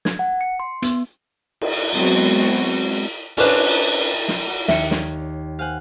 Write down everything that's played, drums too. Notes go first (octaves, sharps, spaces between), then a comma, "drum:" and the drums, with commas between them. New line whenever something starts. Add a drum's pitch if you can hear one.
G#6, drum: snare
F#5
C#7
C6
B3, drum: hi-hat
drum: cymbal
F#3 G#3 B3 C4 F#4
C#4 D4 B4 C5 A#5, drum: cymbal
drum: cymbal
drum: snare
F#4
D#2 E5 C#7, drum: snare
C#5 D5, drum: snare
C5 F5 F#5 G#5